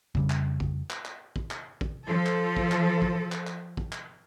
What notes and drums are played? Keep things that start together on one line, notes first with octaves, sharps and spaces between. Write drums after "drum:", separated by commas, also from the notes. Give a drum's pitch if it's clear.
F2 C#3 G3, drum: kick
drum: clap
drum: kick
drum: clap
drum: clap
drum: kick
drum: clap
drum: kick
F3 A4
drum: clap
drum: kick
drum: clap
drum: kick
drum: clap
drum: clap
drum: kick
drum: clap